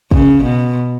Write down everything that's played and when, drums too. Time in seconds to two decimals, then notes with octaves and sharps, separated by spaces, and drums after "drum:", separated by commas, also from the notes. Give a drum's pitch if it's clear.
0.11 C#3, drum: kick
0.43 B2